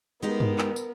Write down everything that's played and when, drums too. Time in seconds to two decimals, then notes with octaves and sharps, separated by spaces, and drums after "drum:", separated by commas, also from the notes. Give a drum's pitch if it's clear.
0.22 G#3 B3 D#4 G4 A#4
0.40 drum: tom G2
0.58 drum: clap
0.76 drum: tambourine